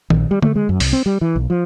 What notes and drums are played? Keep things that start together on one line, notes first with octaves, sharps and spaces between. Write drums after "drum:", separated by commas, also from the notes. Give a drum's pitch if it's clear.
A#1, drum: tom D#3
G3
A3, drum: tom D3
G#3
F#2
C2, drum: open hi-hat
C4
G3
E3
B1
F3